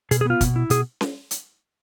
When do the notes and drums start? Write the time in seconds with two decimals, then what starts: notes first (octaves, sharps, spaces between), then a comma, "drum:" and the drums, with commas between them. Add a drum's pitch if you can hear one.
0.11 B2 G#4, drum: hi-hat
0.21 G#4
0.26 B3 F4
0.41 B2, drum: kick, hi-hat
0.56 E4
0.70 B2 G#4, drum: hi-hat
1.01 drum: snare C#4
1.31 drum: hi-hat